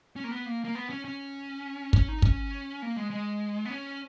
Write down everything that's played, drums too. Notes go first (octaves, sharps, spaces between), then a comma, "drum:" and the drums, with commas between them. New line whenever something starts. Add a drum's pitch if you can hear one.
C#4
A#3
B3
A#3
A#3
B3
C#4
C#4
C#4, drum: kick
D#4
C#4, drum: kick
A#3
G#3
G#3
B3
C#4